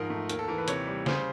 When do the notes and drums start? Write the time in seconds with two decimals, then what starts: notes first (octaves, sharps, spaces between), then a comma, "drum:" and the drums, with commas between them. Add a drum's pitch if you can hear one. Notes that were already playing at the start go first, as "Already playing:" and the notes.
Already playing: G#2 F3 A#4
0.10 A3
0.29 D#2 A#4, drum: hi-hat
0.39 A4
0.48 E3 A#4
0.58 B4
0.68 C3 C#5, drum: hi-hat
0.87 G3
1.06 C#3 C5, drum: snare